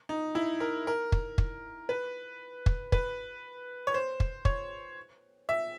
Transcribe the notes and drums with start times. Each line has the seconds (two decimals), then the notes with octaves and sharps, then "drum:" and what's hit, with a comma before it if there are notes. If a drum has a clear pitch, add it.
0.09 D#4
0.35 E4
0.60 A#4
0.87 A#4
1.12 drum: kick
1.38 drum: kick
1.89 B4
2.66 drum: kick
2.92 B4, drum: kick
3.87 C#5
3.94 C5
4.20 drum: kick
4.45 C#5, drum: kick
5.49 E5